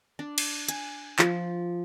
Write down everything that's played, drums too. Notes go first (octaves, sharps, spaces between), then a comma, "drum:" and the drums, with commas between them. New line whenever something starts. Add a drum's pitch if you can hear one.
D4
drum: cymbal
G#5, drum: hi-hat
F3, drum: clap